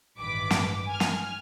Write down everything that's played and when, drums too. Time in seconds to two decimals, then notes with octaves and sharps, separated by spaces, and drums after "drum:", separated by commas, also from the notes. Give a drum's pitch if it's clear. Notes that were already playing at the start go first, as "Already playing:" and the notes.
0.17 A1 G2 D#3 B4 D6 B6
0.50 drum: snare
0.88 G#5 F6
1.00 drum: snare